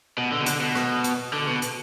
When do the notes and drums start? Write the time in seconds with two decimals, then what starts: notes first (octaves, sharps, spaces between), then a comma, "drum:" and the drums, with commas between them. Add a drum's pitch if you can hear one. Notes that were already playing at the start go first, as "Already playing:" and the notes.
0.18 B2
0.32 D3
0.41 B2
0.46 D3, drum: hi-hat
0.61 B2
0.75 drum: rim click
1.04 drum: hi-hat
1.33 D3
1.47 B2
1.62 drum: hi-hat